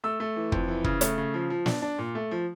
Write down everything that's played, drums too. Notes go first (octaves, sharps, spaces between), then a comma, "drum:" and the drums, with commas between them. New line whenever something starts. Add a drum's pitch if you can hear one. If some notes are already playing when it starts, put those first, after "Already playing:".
A3 E6
A3
E3
F2, drum: kick
E3
C#3, drum: kick
A3, drum: hi-hat
C#3
F3
F3
D4, drum: snare
D4
A#2
A3
F3